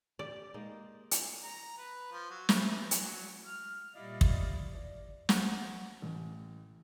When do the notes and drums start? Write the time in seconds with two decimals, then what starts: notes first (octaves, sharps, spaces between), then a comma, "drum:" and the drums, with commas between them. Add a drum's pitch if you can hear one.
0.19 G4 D5
0.54 G#3 A#3 D#4
1.11 drum: hi-hat
1.43 A#5
1.77 B4
2.12 F3
2.30 F#3
2.49 E3, drum: snare
2.91 F#3, drum: hi-hat
3.46 F6
3.95 A#2 G3 E4 D5 D#5 F5
4.21 drum: kick
4.74 D5
5.29 F#5, drum: snare
6.02 A1